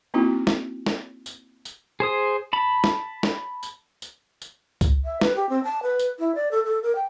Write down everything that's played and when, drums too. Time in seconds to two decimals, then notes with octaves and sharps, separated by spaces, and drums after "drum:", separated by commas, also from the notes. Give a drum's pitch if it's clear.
0.14 A#3 C4 C#4 D#4 E4 F#4
0.47 drum: snare
0.86 drum: snare
1.26 drum: tambourine
1.65 drum: tambourine
2.00 G#4 C5 D#6
2.53 A5 B5
2.84 drum: snare
3.23 drum: snare
3.63 drum: tambourine
4.02 drum: tambourine
4.42 drum: tambourine
4.81 drum: kick C#2, tambourine
5.05 E5
5.21 B4, drum: snare
5.36 G4
5.49 C4
5.64 A5
5.83 B4
5.99 drum: tambourine
6.19 E4
6.35 D5
6.51 A4
6.65 A4
6.83 A#4
6.95 G5